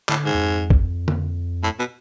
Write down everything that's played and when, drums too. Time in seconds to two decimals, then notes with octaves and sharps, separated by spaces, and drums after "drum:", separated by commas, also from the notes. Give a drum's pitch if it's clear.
0.09 A2 D3, drum: clap
0.25 G#2
0.34 E2
0.40 F2
0.70 drum: kick
1.08 drum: tom D3
1.64 A2
1.79 B2